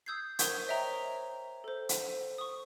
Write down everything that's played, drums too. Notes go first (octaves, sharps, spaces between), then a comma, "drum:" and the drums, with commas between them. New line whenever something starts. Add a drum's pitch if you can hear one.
D#6 E6 G6 G#6 C7
A#4 C5 C#6 D#6 G6 G#6, drum: hi-hat
C5 C#5 D#5 E5 G5 A#5
A4 C5
drum: hi-hat
C#6 D#6